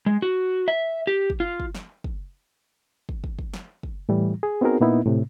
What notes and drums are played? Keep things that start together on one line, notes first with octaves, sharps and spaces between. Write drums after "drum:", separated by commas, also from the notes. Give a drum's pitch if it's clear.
G#3
F#4
E5
G4
drum: kick
F4
drum: kick
drum: snare
drum: kick
drum: kick
drum: kick
drum: kick
drum: snare
drum: kick
A2 E3 G3
G#4
B3 C4 D#4 F#4 G#4 A#4
A#2 A#3 B3 D#4 E4
A2 C3